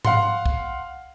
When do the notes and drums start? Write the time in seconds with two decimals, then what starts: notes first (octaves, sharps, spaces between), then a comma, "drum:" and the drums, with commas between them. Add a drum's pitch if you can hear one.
0.05 F5 F#5 C6, drum: tom G#2
0.46 drum: kick